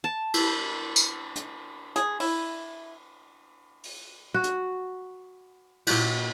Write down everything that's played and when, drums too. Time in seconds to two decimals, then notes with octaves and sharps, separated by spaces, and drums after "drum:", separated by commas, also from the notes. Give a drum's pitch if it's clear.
0.04 A5
0.34 drum: cymbal
0.96 drum: tambourine
1.36 drum: hi-hat
1.96 G#4, drum: hi-hat
2.20 E4, drum: open hi-hat
3.84 drum: open hi-hat
4.34 F#4
4.44 drum: hi-hat
5.87 A#2 F#4, drum: cymbal